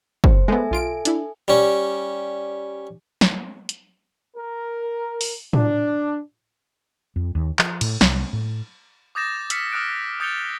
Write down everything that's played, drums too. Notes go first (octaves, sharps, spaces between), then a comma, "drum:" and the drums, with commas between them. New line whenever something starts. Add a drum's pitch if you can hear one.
C5, drum: kick
G#3 A3 B3 A4 E5 G#5
B1 F4 D7
D4 E4, drum: hi-hat
G3 C#4
drum: snare
drum: hi-hat
A#4
drum: open hi-hat
D4, drum: tom A2
F2
D#2
F3, drum: clap
A2, drum: cymbal
C2, drum: snare
A2
D6 D#6 G6 A6 A#6 E7
E6 F6 B6 C#7, drum: hi-hat
D#6 F6 F#6 D7
D#6 G6 A6 C#7 F7 G7